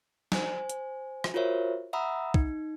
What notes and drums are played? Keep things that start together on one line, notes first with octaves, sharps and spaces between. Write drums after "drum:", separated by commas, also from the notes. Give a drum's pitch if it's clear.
C5 G#5, drum: snare
drum: hi-hat
drum: rim click
F4 F#4 A#4 C5 C#5 E5
E5 F#5 A#5 B5 D#6 E6
D#4, drum: kick